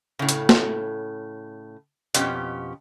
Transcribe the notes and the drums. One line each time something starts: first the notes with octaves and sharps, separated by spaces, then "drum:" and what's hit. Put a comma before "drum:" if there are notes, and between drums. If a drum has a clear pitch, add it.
A2 C#3
drum: hi-hat
drum: snare
F2 B2 C#4 G4, drum: hi-hat